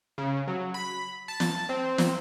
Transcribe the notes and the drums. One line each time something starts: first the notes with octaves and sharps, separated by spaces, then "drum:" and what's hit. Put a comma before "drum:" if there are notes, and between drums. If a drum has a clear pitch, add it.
C#3
F#3
B5
A5
drum: snare
C4
drum: snare